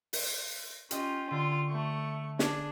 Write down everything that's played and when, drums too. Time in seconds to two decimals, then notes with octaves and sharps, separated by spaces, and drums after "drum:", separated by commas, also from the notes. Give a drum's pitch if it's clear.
0.13 drum: open hi-hat
0.91 C#4 F4 G4 D#5 G5, drum: hi-hat
1.31 D3 F4
1.69 A3 C#6
2.39 D4 G#4, drum: snare